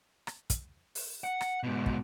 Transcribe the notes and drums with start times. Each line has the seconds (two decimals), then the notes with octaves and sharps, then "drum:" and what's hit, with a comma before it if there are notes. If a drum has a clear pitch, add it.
0.27 drum: rim click
0.50 drum: kick, hi-hat
0.95 drum: open hi-hat
1.24 F#5
1.41 drum: rim click
1.63 G#2 B2
1.86 drum: kick